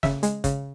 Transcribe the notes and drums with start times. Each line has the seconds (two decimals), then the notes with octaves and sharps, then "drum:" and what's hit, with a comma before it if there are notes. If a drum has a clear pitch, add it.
0.03 C#3 E5, drum: snare
0.23 G#3, drum: hi-hat
0.44 C#3, drum: kick, hi-hat